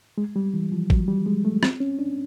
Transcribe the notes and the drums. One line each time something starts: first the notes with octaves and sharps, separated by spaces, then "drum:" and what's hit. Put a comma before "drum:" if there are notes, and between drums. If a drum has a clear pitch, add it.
G#3
G3
E3
F3
F#3, drum: kick G#1
G3
G#3
A3
C4, drum: rim click
C#4
D4